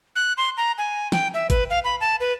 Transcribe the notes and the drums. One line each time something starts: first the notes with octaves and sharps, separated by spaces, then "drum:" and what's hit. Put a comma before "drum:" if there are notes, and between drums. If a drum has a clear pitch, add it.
F#6
C6
A#5
G#5
G5, drum: snare
E5
B4, drum: kick, hi-hat
F5
B5
A5
B4